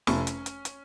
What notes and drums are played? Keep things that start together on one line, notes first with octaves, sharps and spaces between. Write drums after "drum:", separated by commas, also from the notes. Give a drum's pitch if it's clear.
F1 C#4, drum: snare
drum: hi-hat
drum: hi-hat
drum: hi-hat